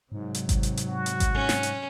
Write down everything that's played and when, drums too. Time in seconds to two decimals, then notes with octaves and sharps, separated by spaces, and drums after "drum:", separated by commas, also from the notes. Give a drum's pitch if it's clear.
0.12 G#2 C3 F#3
0.35 drum: hi-hat
0.49 drum: kick G#1, hi-hat
0.63 drum: hi-hat
0.77 drum: hi-hat
0.88 F#4
1.06 drum: hi-hat
1.20 drum: kick G#1, hi-hat
1.35 C#4
1.49 drum: snare
1.63 drum: hi-hat